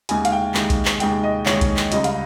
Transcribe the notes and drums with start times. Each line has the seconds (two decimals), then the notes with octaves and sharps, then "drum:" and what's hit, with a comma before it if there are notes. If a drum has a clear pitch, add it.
0.09 D#2 D#3 G#3 G#5, drum: hi-hat
0.25 F5, drum: hi-hat
0.32 G5
0.54 D#2 D#3 G#3, drum: clap
0.70 drum: kick B1, hi-hat
0.85 drum: clap
1.00 D#2 D#3 G#3 G5, drum: hi-hat
1.23 D#5
1.46 D#2 D#3 G#3 C#5, drum: clap
1.61 drum: kick B1, hi-hat
1.77 drum: clap
1.92 C#2 C#3 G3 D#5, drum: hi-hat
2.04 F5, drum: hi-hat